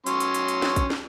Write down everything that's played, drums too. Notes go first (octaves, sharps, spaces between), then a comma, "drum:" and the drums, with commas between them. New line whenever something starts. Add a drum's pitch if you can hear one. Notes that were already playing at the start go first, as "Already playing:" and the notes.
F#3 C#4 C6, drum: hi-hat
drum: hi-hat
drum: hi-hat
drum: hi-hat
drum: snare
drum: kick, hi-hat
drum: snare